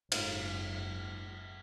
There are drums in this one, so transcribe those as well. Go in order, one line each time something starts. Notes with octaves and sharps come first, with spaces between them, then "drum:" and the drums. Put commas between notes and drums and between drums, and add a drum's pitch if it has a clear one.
F#1 G#2 D#4 F4, drum: cymbal